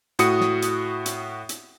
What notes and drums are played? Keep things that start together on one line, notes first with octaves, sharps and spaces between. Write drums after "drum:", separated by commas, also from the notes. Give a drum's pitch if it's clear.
A2 F#4 D#6 C#7, drum: hi-hat
drum: snare
drum: hi-hat
drum: hi-hat
drum: hi-hat